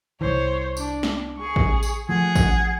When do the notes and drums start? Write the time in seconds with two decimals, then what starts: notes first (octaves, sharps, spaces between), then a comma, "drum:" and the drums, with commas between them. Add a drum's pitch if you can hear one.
0.21 C2 E3 C5 C#5
0.77 D4, drum: tambourine
1.03 drum: snare
1.38 G#4 C#6
1.56 drum: kick A1
1.83 drum: tambourine
2.09 F3 A3 G#4 F#5
2.35 drum: kick A1, tambourine